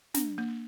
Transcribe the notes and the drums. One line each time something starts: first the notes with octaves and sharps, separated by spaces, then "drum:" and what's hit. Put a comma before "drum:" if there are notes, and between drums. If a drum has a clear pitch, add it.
D4, drum: snare
A#3